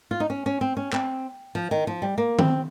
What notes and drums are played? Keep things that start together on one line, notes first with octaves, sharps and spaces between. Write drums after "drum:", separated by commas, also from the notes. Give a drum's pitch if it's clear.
F4
D#4
C#4
C#4
C4
C#4
C4, drum: clap
F3
D#3
F3
G3
A#3
C4, drum: tom D#3